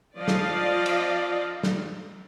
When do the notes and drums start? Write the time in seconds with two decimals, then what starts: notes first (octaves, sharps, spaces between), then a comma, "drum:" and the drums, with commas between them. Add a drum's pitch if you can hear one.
0.17 F3 D5 D#5 F5
0.28 drum: snare
0.86 drum: cymbal
1.63 drum: snare